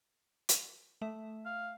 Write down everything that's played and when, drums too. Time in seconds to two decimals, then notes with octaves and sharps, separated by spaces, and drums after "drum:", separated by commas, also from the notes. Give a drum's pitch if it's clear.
0.49 drum: hi-hat
1.02 A3 E5
1.45 F5